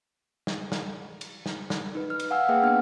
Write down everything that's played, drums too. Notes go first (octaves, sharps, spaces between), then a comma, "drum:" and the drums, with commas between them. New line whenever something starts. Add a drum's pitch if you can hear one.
drum: snare
drum: snare
drum: cymbal
drum: snare
drum: snare
D#4 B4
F6
drum: cymbal
F5 F#5 G#5 E6 F6
A#3 G#4 B4 E5 F#5 G5
B3 D4 F6